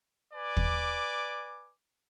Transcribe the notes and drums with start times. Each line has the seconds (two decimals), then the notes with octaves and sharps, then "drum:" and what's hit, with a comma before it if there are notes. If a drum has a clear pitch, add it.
0.33 B4 D5 G#5 D6
0.57 drum: kick